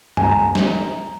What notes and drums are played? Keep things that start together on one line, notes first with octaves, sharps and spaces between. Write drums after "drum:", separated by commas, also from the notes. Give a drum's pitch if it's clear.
G#5, drum: tom
A#5
drum: snare